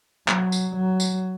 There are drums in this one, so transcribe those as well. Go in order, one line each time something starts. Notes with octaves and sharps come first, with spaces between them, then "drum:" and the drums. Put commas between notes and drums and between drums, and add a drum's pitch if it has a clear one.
F#3, drum: clap
drum: tambourine
F#3
drum: tambourine